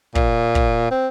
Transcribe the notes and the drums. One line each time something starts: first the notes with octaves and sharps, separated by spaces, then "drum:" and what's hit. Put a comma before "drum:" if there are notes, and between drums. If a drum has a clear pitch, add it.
A#2, drum: kick
drum: kick
C4